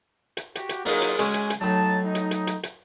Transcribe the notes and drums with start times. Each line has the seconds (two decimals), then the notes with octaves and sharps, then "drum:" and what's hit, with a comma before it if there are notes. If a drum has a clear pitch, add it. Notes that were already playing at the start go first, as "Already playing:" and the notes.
0.37 drum: hi-hat
0.55 F#4 G4, drum: hi-hat
0.69 drum: hi-hat
0.85 F#3 A#3 D#4 F4 G#4, drum: open hi-hat
1.02 drum: hi-hat
1.19 G#3 C#4 F#4 G#5, drum: hi-hat
1.34 drum: hi-hat
1.50 drum: hi-hat
1.61 A2 F#3 D#4 A5
2.05 D#4
2.15 drum: hi-hat
2.31 drum: hi-hat
2.47 drum: hi-hat
2.63 drum: hi-hat